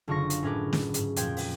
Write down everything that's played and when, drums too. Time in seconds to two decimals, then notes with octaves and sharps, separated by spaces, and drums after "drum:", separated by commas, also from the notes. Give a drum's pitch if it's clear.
0.08 F#1 D3 F4 C#6 A#6
0.30 drum: hi-hat
0.43 A2 C#4 G#4 A#4 B4 D6
0.73 drum: snare
0.94 G#2, drum: hi-hat
1.16 F2 A#2 G5 G#6, drum: hi-hat
1.37 drum: open hi-hat